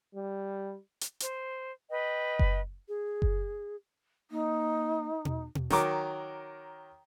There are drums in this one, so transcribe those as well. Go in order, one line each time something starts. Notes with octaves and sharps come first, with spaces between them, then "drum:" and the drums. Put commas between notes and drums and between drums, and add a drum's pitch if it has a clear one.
G3
drum: hi-hat
C5, drum: hi-hat
B4 D#5 G5
drum: kick F#1
G#4
drum: kick F#1
A#3 D#4
drum: tom B2
drum: tom B2
D#3 F#3 A#4 D6, drum: snare